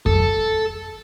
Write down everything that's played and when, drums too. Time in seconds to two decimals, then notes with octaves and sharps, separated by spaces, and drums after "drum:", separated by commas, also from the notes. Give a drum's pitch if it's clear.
0.06 A4, drum: kick F2